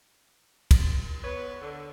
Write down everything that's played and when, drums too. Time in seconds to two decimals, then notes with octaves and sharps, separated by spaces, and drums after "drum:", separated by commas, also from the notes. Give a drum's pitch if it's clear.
0.71 drum: kick, cymbal
1.24 B3 B4 C#5
1.62 D3